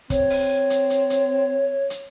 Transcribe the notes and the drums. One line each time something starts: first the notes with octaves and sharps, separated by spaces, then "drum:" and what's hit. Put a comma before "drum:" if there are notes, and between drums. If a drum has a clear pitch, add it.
C4 C#5, drum: kick, hi-hat
drum: open hi-hat
drum: hi-hat
drum: hi-hat
drum: hi-hat
drum: hi-hat